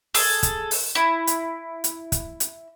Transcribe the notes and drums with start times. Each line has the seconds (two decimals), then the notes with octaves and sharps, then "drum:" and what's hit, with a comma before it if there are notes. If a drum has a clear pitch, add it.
0.14 G#4 A4, drum: open hi-hat
0.43 drum: kick, hi-hat
0.71 drum: open hi-hat
0.95 E4
1.27 drum: hi-hat
1.84 drum: hi-hat
2.12 drum: kick, hi-hat
2.40 drum: hi-hat